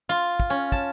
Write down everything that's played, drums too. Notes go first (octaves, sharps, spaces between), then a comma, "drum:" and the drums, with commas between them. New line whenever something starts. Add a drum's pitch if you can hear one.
F4
drum: kick
C#4
A5, drum: kick